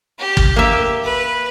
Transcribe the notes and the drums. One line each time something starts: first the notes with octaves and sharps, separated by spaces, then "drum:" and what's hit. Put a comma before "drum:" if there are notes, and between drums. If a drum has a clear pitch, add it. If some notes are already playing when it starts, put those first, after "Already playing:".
G4
drum: kick
A#3 E5
B4